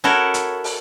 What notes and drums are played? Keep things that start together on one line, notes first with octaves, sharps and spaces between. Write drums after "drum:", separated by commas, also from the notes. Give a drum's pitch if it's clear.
E4 F#4 A4 A#4 C#5
drum: hi-hat
drum: open hi-hat